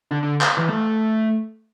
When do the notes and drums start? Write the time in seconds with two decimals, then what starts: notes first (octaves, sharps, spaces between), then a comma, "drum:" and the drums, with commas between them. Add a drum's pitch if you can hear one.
0.11 D3
0.23 D3
0.41 drum: clap
0.57 E3
0.69 A3